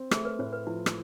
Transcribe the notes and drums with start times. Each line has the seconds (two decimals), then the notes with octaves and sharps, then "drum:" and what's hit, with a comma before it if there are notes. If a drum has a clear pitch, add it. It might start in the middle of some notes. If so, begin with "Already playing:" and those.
Already playing: C4
0.11 A3 G#4, drum: rim click
0.25 B4
0.39 A2 C5
0.53 B4
0.67 F3 E4
0.86 drum: rim click